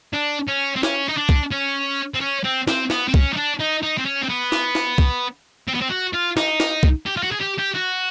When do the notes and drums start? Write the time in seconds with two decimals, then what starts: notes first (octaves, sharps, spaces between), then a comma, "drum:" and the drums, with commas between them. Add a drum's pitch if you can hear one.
0.13 D4
0.48 C#4
0.76 C4
0.83 C#4, drum: snare
1.09 D#4
1.18 D4
1.29 drum: kick
1.51 C#4
2.14 C4
2.21 C#4
2.44 C4
2.67 C4, drum: snare
2.90 B3, drum: snare
3.08 C4
3.14 C#4, drum: kick
3.33 D#4
3.36 D4
3.60 D#4
3.82 D#4
3.98 C4
4.05 C#4
4.23 C4
4.29 B3
4.52 drum: snare
4.75 drum: snare
4.98 drum: kick
5.68 C4
5.75 B3
5.81 C4
5.90 F#4
6.14 F4
6.37 D#4, drum: snare
6.60 drum: snare
6.83 drum: kick
7.06 G4
7.17 F4
7.23 F#4
7.32 G#4
7.41 G4
7.59 G4
7.75 F#4